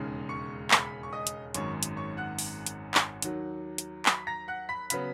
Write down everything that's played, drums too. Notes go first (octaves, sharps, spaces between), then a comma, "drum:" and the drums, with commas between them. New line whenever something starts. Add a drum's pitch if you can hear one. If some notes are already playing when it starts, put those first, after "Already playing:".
Already playing: E1 D#2 C#3 G#3 C#4
C#6 C#7
B5 B6, drum: clap
C#6
D#5 D#6
drum: hi-hat
G#1 F#2 D#3 G#3 C#5 C#6, drum: hi-hat
drum: hi-hat
C#5 C#6
F#5 F#6
drum: open hi-hat
drum: hi-hat
drum: clap
D#2 D#3 F#3, drum: hi-hat
drum: hi-hat
B5 B6, drum: clap
A#5 A#6
F#5 F#6
B5 B6
C#3 F#3 B3 B5 B6, drum: hi-hat